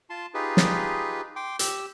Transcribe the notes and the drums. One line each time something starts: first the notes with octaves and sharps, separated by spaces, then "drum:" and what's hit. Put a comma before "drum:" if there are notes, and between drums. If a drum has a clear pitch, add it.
F4 A5 C6
D#4 F4 G4 G#4 B4
drum: snare
G5 C6 D6
G4 E6, drum: hi-hat